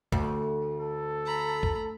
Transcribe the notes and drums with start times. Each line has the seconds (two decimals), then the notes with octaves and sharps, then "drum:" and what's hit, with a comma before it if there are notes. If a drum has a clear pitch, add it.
0.12 D2, drum: kick
0.80 A4
1.26 A#5 B5
1.63 drum: kick